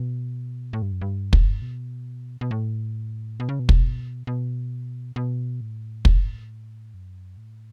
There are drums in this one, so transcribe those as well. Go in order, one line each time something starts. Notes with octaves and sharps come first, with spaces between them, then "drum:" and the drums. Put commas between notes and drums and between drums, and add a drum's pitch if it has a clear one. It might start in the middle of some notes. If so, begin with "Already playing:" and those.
Already playing: B2
A2
G2
F#2
G2
drum: kick
B2
B2
A2
B2
C#3
B2
drum: kick
B2
B2
A2
drum: kick
F#2
A2